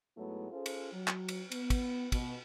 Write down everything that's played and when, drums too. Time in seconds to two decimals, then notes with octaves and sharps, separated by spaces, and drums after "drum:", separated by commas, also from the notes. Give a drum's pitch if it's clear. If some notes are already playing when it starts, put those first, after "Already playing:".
0.17 G#2 F#3 G#3 A3 B3 E4
0.52 C#4 F4 G#4 A4 C5
0.66 drum: cymbal
0.93 F#3
1.08 drum: clap
1.29 drum: cymbal
1.52 B3, drum: cymbal
1.70 drum: kick, cymbal
2.12 B2, drum: kick, cymbal